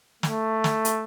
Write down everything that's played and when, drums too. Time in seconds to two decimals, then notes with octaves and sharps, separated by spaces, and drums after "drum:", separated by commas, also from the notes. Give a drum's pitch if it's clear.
0.23 A3, drum: snare
0.64 drum: snare
0.85 drum: hi-hat